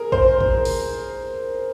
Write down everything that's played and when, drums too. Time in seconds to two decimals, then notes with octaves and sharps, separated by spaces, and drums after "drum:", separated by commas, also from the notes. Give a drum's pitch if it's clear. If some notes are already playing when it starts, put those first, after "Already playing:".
Already playing: G#4 A#4
0.12 C5, drum: kick
0.41 drum: kick
0.65 drum: open hi-hat